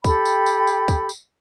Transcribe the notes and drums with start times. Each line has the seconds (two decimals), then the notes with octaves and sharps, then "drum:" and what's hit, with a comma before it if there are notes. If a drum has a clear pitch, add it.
0.04 G4 A4 G5 B5, drum: kick, tambourine
0.25 drum: tambourine
0.46 drum: tambourine
0.67 drum: tambourine
0.88 drum: kick, tambourine
1.09 drum: tambourine